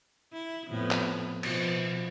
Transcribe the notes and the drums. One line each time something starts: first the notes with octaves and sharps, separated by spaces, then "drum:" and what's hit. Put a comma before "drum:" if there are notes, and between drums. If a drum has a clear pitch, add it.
E4
F2 A2 B3
drum: clap
B2 F3, drum: cymbal